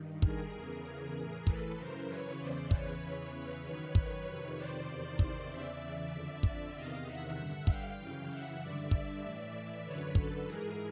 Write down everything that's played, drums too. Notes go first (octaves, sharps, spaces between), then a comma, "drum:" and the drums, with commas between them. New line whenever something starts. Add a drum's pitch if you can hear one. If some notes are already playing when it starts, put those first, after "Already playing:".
Already playing: G2 D#3
G#4 A#4, drum: kick
E2 C#3 E3
A2 E3
A4 B4, drum: kick
F#2 C#3 E3 A#4 C5
B4 C#5
E2 C#3 E3 C5 D5
B4 C#5, drum: kick
E2 C#3 E3
F#2 D#3 B4 C#5
drum: kick
F2 C3 D#3
C5 D5
E2 C3 D#3
drum: kick
E2 C#3 E3 D5 E5
F2 D3
drum: kick
E2 C3 D#3 D#5 F5
E5 F#5
G2 D3
F5 G5, drum: kick
F#2 C#3 E3
E5 F#5
G2 D3 D5 E5
drum: kick
A2 E3
F#2 D3 B4 C#5
A4 B4, drum: kick
G#2 E3 G#4 A#4